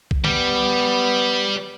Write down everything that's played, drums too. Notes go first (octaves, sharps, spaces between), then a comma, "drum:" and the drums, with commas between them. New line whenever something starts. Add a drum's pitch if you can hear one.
drum: kick B1
G3 B3, drum: tom D3